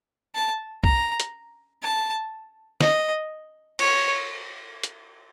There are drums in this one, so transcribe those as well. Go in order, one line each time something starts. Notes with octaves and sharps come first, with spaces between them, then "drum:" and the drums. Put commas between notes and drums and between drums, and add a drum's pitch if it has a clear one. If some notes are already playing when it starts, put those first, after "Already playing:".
A5
A#5, drum: kick
drum: hi-hat
A5
D#5, drum: snare
C#5, drum: cymbal
drum: hi-hat